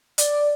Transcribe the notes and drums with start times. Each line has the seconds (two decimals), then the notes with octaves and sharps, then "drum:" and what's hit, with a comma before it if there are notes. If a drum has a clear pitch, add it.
0.18 D5, drum: hi-hat